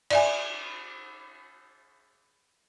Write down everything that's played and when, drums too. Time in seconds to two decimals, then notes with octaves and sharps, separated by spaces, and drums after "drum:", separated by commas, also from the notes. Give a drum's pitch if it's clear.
0.10 D5 E5 G#5, drum: cymbal